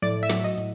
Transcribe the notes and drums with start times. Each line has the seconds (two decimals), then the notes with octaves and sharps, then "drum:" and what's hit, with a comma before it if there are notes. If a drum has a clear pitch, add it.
0.02 A2 D5, drum: tom F3
0.23 E5
0.30 F#3, drum: snare
0.44 D#5
0.58 A2, drum: hi-hat